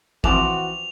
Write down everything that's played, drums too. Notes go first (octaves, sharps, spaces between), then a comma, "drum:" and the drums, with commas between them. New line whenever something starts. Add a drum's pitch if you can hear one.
E3 F3 C4 F#4 A5 D6 E7 F7, drum: kick